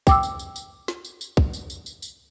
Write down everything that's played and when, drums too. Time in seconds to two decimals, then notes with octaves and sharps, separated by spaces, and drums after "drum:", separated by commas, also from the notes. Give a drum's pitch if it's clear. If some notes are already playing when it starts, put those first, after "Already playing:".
0.07 G5 D6 E6, drum: kick, tambourine
0.23 drum: tambourine
0.39 drum: tambourine
0.56 drum: tambourine
0.88 drum: snare
1.05 drum: tambourine
1.21 drum: tambourine
1.37 drum: kick
1.53 drum: tambourine
1.70 drum: tambourine
1.86 drum: tambourine
2.02 drum: tambourine